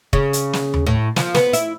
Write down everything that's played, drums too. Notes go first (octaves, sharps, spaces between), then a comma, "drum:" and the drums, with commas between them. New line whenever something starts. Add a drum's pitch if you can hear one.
C#3, drum: kick
drum: hi-hat
drum: snare
drum: tom D#2
A2
F3, drum: snare
B3, drum: snare
E4, drum: hi-hat